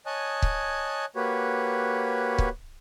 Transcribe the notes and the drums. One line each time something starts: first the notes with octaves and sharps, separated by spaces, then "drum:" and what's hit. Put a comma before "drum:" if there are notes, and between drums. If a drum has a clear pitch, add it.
C#5 D#5 G#5 A5 D#6 F#6
drum: kick C#1
A#3 F#4 G4 B4 C#5
drum: kick C#1